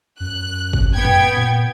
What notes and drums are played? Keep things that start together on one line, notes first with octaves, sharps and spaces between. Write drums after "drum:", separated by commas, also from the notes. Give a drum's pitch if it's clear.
F#2 F#6
drum: kick G1
B3 G5 G#6
drum: tom A2
A#2